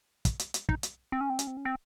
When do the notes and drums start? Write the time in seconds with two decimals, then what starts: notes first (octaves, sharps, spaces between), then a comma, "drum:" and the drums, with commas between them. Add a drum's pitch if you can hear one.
0.25 drum: kick, hi-hat
0.39 drum: hi-hat
0.54 drum: hi-hat
0.69 D#4, drum: kick
0.83 drum: hi-hat
1.12 C4
1.21 C#4
1.30 C4
1.39 C#4, drum: hi-hat
1.47 C4
1.57 C#4
1.65 C4